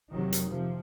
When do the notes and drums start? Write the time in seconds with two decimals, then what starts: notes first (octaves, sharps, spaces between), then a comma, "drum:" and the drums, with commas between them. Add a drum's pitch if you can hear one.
0.13 F1 F2 C3 D#3 F#3
0.32 drum: hi-hat
0.51 C3 F3